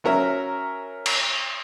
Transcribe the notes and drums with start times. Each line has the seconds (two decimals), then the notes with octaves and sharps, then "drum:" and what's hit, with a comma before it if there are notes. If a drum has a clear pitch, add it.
0.04 F#3 C#4 A#4 E5
1.06 drum: cymbal